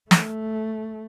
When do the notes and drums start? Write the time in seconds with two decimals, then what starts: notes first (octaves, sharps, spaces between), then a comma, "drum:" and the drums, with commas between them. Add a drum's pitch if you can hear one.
0.11 A3, drum: snare